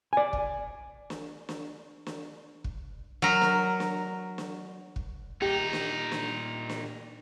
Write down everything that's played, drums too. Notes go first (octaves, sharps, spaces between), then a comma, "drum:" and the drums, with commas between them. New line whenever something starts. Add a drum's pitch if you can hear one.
D5 G#5
drum: kick
drum: snare
drum: snare
drum: snare
drum: kick
F#3 A#4
drum: snare
drum: snare
drum: snare
drum: kick
A#2 D#4 G4
drum: snare
drum: snare
drum: snare